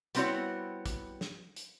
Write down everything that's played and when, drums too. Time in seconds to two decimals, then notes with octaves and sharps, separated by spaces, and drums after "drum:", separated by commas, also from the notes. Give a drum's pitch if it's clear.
0.15 G3 B3 C4 E4 F#4 C#5, drum: hi-hat
0.86 drum: kick, hi-hat
1.21 drum: snare
1.56 drum: hi-hat